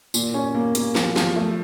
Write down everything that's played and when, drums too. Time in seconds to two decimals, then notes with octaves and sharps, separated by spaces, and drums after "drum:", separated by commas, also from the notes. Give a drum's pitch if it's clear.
0.14 A#2, drum: tambourine
0.34 C#4
0.55 A#3
0.75 A#3, drum: hi-hat
0.95 F3, drum: snare
1.16 F3, drum: snare
1.36 A3